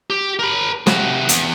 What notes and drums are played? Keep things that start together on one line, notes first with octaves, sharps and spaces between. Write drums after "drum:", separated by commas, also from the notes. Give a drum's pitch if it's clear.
G4
A#4 B5
C3 F#4, drum: snare
E2, drum: hi-hat